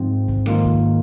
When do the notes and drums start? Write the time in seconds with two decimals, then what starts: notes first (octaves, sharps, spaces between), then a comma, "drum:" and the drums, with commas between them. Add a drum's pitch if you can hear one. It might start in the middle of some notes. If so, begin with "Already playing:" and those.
Already playing: G#2 F3 C4
0.28 drum: kick
0.46 G#2 D#3 A#3 F4, drum: rim click
0.64 drum: kick